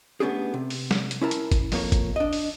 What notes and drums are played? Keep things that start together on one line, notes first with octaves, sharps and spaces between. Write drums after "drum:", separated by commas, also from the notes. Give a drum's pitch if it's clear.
A3 B3 C#4 D4 G4 G#4
C3
drum: open hi-hat
drum: snare
drum: hi-hat
C#4 E4 A#4 A5
drum: hi-hat
drum: kick G1, hi-hat
F2 A#3 C#5, drum: open hi-hat
drum: kick G1, hi-hat
D4 D#5
drum: open hi-hat